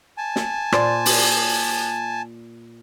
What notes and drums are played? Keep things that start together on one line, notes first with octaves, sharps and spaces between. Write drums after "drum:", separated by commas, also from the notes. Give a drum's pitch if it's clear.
G#5 A5
drum: snare
A#2 C5 D5, drum: rim click
drum: open hi-hat